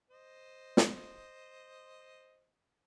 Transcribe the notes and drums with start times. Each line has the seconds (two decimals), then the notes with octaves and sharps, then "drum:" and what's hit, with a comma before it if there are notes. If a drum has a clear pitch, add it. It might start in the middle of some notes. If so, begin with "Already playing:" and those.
0.10 C5 D#5
0.77 drum: snare